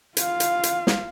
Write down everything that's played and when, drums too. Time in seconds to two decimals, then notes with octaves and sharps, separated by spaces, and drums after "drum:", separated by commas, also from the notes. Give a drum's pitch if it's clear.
0.17 F4 F5, drum: hi-hat
0.40 drum: hi-hat
0.63 drum: hi-hat
0.87 drum: snare